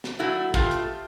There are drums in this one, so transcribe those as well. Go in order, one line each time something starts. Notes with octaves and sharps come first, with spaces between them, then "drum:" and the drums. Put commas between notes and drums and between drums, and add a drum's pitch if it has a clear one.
drum: snare
A#2 F#3 A3 E4 F#4
B2 A3 F4 G4, drum: kick
drum: hi-hat